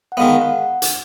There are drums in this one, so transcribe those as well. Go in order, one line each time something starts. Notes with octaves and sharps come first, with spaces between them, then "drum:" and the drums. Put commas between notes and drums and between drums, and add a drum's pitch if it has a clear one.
F#5
D#3 G#3 B3 F5
F#5
drum: hi-hat